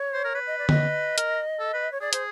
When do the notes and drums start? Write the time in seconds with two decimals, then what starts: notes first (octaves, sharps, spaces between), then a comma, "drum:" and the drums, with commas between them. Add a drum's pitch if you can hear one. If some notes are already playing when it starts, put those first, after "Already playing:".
Already playing: C#5
0.14 C5
0.25 A#4
0.35 B4
0.47 D#5
0.58 D5
0.69 D#5, drum: tom D3
1.18 A#4, drum: hi-hat
1.60 A4
1.73 B4
1.92 C#5
2.01 G#4 D5
2.13 C5, drum: hi-hat